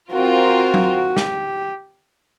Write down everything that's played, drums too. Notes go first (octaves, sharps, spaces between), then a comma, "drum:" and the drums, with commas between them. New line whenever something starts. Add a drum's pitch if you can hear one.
C4 F4 F#4 A#4
drum: tom F#3
G4, drum: snare